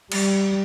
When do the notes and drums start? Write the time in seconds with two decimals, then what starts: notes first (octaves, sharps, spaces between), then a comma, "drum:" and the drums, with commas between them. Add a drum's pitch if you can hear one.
0.12 G3, drum: cymbal